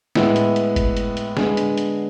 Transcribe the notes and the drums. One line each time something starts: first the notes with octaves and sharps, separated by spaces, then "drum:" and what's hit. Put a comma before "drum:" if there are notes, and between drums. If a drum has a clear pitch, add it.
A2 G#3 B3 E4, drum: snare
drum: hi-hat
drum: hi-hat
drum: kick, hi-hat
drum: hi-hat
drum: hi-hat
D3 G#3 B3 G#4, drum: snare
drum: hi-hat
drum: hi-hat